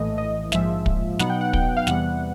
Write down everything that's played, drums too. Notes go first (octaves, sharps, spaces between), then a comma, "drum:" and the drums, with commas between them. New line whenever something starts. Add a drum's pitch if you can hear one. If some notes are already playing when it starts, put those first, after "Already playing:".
Already playing: A#1 A2 E3 A3 D#5
D#5
A#1 G#2 F3 G#3 E5, drum: snare
drum: kick
B2 F#3 B3 D#4 F#5, drum: snare
G5
F#5
G5, drum: kick
F5
E2 C3 E3 G3 B3 F#5, drum: snare